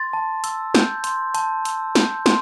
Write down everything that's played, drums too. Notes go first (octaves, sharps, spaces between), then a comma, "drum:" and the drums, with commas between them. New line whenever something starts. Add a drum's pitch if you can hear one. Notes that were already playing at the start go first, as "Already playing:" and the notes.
Already playing: C6 A6
A5
E6, drum: hi-hat
G6, drum: snare
C6, drum: hi-hat
A5, drum: hi-hat
E6, drum: hi-hat
G6, drum: snare
C6, drum: snare